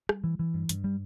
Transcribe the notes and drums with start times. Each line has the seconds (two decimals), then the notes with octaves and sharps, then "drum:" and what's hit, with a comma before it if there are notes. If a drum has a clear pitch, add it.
0.09 G3, drum: rim click
0.24 E3
0.39 E3
0.54 G2
0.69 G2, drum: hi-hat
0.84 G3